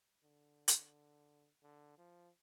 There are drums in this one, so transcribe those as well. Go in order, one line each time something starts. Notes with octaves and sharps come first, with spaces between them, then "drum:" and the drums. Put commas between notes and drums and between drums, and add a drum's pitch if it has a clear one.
D3
drum: hi-hat
D3
F3